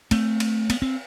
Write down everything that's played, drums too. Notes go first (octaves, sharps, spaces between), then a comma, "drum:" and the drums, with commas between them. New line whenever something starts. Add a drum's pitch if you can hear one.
A3 C4, drum: cymbal
drum: cymbal
B3, drum: cymbal
C4